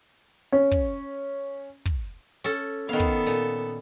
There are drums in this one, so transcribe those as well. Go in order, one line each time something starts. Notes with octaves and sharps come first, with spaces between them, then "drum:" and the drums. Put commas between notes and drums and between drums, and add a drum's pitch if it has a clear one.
C#4
drum: kick
drum: kick
C#4 A4
D#3 B3 A4 F5
drum: kick
A#2